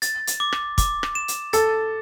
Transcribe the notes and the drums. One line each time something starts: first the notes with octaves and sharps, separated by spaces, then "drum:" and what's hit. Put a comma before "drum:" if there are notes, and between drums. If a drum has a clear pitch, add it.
A6, drum: hi-hat
drum: hi-hat
D6
drum: rim click
D6, drum: kick, hi-hat
drum: rim click
E7
drum: hi-hat
A4 A6, drum: hi-hat